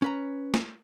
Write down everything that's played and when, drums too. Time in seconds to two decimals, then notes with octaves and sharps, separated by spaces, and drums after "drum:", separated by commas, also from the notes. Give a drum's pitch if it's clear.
0.02 C#4 B4 A#5
0.54 drum: snare